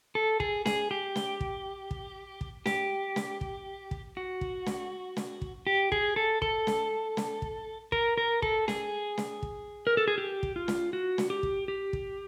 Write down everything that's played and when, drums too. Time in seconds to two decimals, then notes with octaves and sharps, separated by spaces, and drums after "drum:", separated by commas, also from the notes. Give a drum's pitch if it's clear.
0.15 A4
0.40 G#4, drum: kick
0.66 G#4, drum: snare
0.91 G4
1.16 drum: snare
1.41 drum: kick
1.91 drum: kick
2.41 drum: kick
2.66 G4, drum: snare
3.16 drum: snare
3.41 drum: kick
3.91 drum: kick
4.17 F#4
4.41 drum: kick
4.66 drum: snare
5.17 drum: snare
5.42 drum: kick
5.67 G4
5.92 G#4, drum: kick
6.16 A4
6.42 A4, drum: kick
6.67 drum: snare
7.17 drum: snare
7.42 drum: kick
7.92 A#4, drum: kick
8.18 A#4
8.42 A4, drum: kick
8.68 G#4, drum: snare
9.18 drum: snare
9.43 drum: kick
9.87 A#4
9.97 A4
10.08 G#4
10.18 G4
10.43 drum: kick
10.56 F4
10.68 drum: snare
10.93 F#4
11.18 drum: snare
11.30 G4
11.43 drum: kick
11.68 G4
11.93 drum: kick